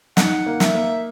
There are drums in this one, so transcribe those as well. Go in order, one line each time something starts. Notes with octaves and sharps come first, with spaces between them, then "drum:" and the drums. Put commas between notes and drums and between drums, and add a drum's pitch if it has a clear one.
D#4 F#5, drum: snare
A#3
E5, drum: snare
A#3